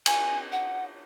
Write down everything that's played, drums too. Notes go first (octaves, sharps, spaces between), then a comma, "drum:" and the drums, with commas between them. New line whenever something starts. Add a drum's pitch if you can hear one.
G#5, drum: cymbal
F#5